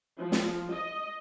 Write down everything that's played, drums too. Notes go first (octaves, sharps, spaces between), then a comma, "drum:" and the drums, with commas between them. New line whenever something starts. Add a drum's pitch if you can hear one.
F3
drum: snare
D#5